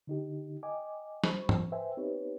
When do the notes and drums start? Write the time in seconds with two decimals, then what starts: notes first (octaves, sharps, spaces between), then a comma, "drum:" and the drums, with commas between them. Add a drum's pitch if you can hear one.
0.07 D3 D#4 G4
0.63 D#5 G5 G#5 D6
1.24 G3 F#4 C5 B5 C#6, drum: snare
1.49 drum: tom G#2
1.72 B4 C5 E5 G5 G#5
1.97 B3 C4 D#4 G4 B4 C#5